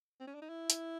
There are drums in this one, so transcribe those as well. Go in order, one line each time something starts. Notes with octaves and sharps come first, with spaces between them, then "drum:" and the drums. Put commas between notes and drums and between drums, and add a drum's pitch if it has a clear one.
C4
C#4
D4
D#4
E4
drum: hi-hat